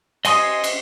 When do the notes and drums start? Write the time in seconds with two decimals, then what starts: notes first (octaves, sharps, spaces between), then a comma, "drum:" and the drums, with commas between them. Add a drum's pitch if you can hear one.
0.25 D#5 G#5 C6 D#6, drum: cymbal
0.64 drum: cymbal